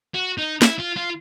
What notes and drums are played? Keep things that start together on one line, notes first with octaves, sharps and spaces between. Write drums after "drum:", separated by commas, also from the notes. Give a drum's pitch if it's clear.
F#4
D#4
E4, drum: snare
F4
F4